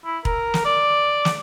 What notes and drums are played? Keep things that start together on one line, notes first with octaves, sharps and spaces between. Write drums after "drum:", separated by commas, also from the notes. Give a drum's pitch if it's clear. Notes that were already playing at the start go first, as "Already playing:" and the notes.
E4
A#4, drum: kick E1
drum: snare
D5
drum: snare